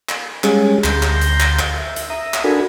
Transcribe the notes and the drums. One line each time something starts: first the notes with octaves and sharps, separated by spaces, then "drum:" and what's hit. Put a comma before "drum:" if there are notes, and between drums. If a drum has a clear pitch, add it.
drum: clap
G3 G#3 C#4 G#4, drum: clap
D2 A#5 C6 G6, drum: clap
drum: clap
drum: hi-hat
drum: clap
drum: clap
E5
drum: hi-hat
E5 A#5 D#6
drum: clap
D4 F#4 A4 A#4 G#5 B5